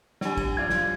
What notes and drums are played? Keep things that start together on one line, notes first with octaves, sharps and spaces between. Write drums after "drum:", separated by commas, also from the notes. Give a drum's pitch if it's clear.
D4 G4 C#5 G#5, drum: snare
drum: kick, cymbal
F3 F4 D5 G#6
drum: snare